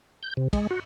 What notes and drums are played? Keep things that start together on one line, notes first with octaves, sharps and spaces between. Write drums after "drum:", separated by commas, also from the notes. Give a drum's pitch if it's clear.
G6
C3
G#3, drum: kick, cymbal
F#4